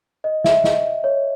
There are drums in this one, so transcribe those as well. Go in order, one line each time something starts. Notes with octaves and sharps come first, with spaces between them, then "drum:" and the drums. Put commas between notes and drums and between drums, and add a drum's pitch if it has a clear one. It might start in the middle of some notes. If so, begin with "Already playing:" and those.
D#5
E5, drum: snare
D#5, drum: snare
C#5